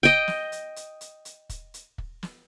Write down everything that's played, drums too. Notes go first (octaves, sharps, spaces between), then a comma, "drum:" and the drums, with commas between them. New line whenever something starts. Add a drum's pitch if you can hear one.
D#5 G5, drum: kick, hi-hat
drum: snare
drum: hi-hat
drum: hi-hat
drum: hi-hat
drum: hi-hat
drum: kick, hi-hat
drum: hi-hat
drum: kick
drum: snare